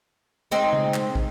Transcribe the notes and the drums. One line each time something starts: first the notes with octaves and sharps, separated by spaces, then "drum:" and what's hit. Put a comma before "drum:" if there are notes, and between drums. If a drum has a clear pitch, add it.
G#3 C4 D#4
drum: tom C#3
drum: clap
drum: kick